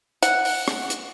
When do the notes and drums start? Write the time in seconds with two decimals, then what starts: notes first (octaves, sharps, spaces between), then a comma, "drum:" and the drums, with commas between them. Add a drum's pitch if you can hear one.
0.23 F#5, drum: hi-hat
0.45 drum: open hi-hat
0.68 drum: rim click
0.90 drum: hi-hat